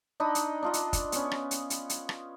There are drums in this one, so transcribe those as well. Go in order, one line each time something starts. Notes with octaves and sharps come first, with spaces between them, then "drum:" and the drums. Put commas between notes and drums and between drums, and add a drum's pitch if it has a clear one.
D4 D#4 D#5 B5
drum: hi-hat
D4 F4 D#5
drum: hi-hat
drum: kick, hi-hat
B3 C#4, drum: hi-hat
drum: rim click
drum: hi-hat
drum: hi-hat
drum: hi-hat
drum: rim click